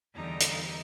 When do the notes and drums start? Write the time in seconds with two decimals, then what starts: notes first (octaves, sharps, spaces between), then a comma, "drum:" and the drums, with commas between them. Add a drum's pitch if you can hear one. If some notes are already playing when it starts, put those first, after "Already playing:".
0.14 E2 D3 G3 D#4 G4 A#5
0.41 drum: hi-hat